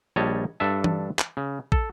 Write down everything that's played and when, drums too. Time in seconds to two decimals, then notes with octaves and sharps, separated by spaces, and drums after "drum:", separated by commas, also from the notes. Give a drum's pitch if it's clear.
0.16 A#1 G3 C#5 D#5 A5
0.60 G2 D4 A4 E5 A5
0.84 drum: tom E3
1.19 drum: clap
1.37 C#3
1.72 A4, drum: kick